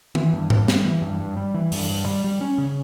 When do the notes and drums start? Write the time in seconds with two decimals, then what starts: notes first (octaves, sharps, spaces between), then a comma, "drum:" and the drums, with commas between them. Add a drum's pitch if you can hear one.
0.15 E3, drum: tom
0.33 G2
0.50 G2, drum: tom G#2
0.68 G3, drum: snare
0.85 E3
1.02 G2
1.20 G2
1.37 G3
1.54 E3
1.72 G2, drum: open hi-hat
1.89 G2
2.06 G3
2.24 G3
2.41 C#4
2.58 C#3